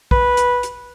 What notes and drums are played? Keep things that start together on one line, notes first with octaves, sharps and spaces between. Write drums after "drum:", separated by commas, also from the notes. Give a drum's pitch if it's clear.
B4, drum: kick
drum: hi-hat
drum: hi-hat